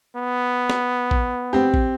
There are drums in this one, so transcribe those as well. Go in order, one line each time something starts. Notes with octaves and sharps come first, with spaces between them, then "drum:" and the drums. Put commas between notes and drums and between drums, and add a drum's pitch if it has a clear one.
B3
drum: snare
drum: kick
C4 G4
drum: kick